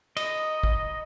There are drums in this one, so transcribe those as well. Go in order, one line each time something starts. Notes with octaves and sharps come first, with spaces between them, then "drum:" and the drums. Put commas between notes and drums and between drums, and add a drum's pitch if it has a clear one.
D#5, drum: cymbal
drum: kick